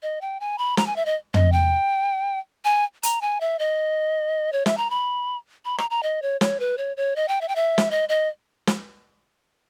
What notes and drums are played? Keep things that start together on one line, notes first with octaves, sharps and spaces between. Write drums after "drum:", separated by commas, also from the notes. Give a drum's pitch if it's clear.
D#5
G5
G#5
B5
A#5, drum: snare
G#5
E5
D#5
D#5, drum: tom
G5
G#5
A#5, drum: hi-hat
G#5
E5
D#5
C#5
E5, drum: snare
A#5
B5
B5
A#5, drum: rim click
A#5
D#5
C#5
C#5, drum: snare
B4
C#5
C#5
D#5
G5
E5
G5
E5
drum: snare
D#5
D#5
drum: snare